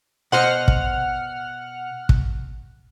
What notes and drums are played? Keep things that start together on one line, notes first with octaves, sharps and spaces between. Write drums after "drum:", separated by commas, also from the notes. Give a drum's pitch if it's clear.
B2 C5 D#5 F#5 F6
drum: kick
drum: kick